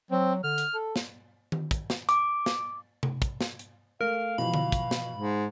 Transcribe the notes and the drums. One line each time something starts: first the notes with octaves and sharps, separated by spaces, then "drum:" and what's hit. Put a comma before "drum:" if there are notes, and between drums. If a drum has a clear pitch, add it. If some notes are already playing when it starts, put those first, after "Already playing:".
F#3 C4
D3 F6
drum: hi-hat
A4
drum: snare
drum: tom D#3
drum: kick, hi-hat
drum: snare
D6, drum: hi-hat
drum: snare
drum: tom C3
drum: kick, hi-hat
drum: snare
drum: hi-hat
A3 A#4 F5
B2 E3 F3 B5
drum: tom D3
drum: kick, hi-hat
drum: snare
G#2